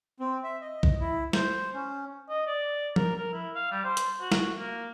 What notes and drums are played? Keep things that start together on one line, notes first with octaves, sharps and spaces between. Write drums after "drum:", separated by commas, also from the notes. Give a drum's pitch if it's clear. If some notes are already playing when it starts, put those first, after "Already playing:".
C4
E5
D#5
drum: kick
E4
C5, drum: snare
C#4
D#5
D5
A#4, drum: tom F3
A#4
E4
F5
G3
C5
drum: hi-hat
F#4
drum: snare
A#3